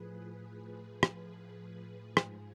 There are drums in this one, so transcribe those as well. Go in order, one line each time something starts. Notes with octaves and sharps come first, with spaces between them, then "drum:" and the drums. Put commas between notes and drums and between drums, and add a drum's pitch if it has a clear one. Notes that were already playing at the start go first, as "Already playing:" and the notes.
Already playing: A2 F3 G#4 B4
G#4
drum: rim click
G#2 F3, drum: rim click